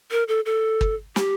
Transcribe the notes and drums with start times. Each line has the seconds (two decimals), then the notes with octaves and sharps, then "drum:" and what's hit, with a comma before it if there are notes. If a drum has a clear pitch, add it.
0.11 A#4
0.28 A4
0.46 A4
0.81 drum: kick
1.16 G4, drum: snare